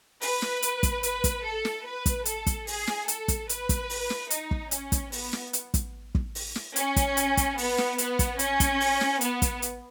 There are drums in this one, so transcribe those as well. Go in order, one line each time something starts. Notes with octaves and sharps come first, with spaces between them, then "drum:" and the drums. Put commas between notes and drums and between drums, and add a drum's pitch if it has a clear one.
B4, drum: open hi-hat
drum: snare
drum: hi-hat
drum: kick, hi-hat
B4, drum: hi-hat
drum: kick, hi-hat
A4
drum: snare
B4
drum: kick, hi-hat
A4, drum: hi-hat
drum: kick, hi-hat
G#4, drum: open hi-hat
drum: snare
A4, drum: hi-hat
drum: kick, hi-hat
B4, drum: hi-hat
drum: kick, hi-hat
drum: open hi-hat
drum: snare
D#4, drum: hi-hat
drum: kick
C#4, drum: hi-hat
drum: kick, hi-hat
B3, drum: open hi-hat
drum: snare
drum: hi-hat
drum: kick, hi-hat
drum: kick
drum: open hi-hat
drum: snare
C#4, drum: hi-hat
drum: kick, hi-hat
drum: hi-hat
drum: kick, hi-hat
B3, drum: open hi-hat
drum: snare
B3, drum: hi-hat
drum: kick, hi-hat
C#4, drum: hi-hat
drum: kick, hi-hat
drum: open hi-hat
drum: snare
B3, drum: hi-hat
drum: kick, hi-hat
drum: hi-hat